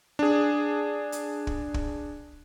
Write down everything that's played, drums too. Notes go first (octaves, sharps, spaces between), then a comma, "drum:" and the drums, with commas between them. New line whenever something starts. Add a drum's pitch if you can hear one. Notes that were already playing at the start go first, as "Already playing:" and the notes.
D4 G#4
drum: hi-hat
drum: kick
drum: kick